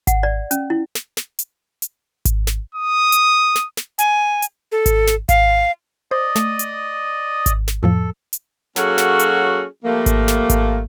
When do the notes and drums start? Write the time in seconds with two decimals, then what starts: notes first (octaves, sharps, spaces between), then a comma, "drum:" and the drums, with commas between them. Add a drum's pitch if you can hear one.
0.07 F#5, drum: kick G#1, hi-hat
0.23 D5
0.51 C#4, drum: hi-hat
0.70 E4
0.95 drum: snare
1.17 drum: snare
1.39 drum: hi-hat
1.82 drum: hi-hat
2.25 drum: kick G#1, hi-hat
2.47 drum: snare
2.75 D#6
3.12 drum: hi-hat
3.56 drum: snare
3.77 drum: snare
3.99 G#5, drum: hi-hat
4.42 drum: hi-hat
4.72 A4
4.86 drum: kick G#1, hi-hat
5.07 drum: snare
5.29 F5, drum: kick G#1, hi-hat
6.11 C5 D5 D#5 D#6
6.36 A3, drum: snare
6.59 drum: hi-hat
7.46 drum: kick G#1, hi-hat
7.68 drum: snare
7.83 F2 A2 F3 A4
8.33 drum: hi-hat
8.76 F#3 A#3 C#4 F#4 G#4 A4, drum: snare
8.98 drum: snare
9.19 drum: hi-hat
9.84 F3 G3 A3 A#3
10.06 drum: kick G#1, hi-hat
10.28 drum: snare
10.50 drum: kick G#1, hi-hat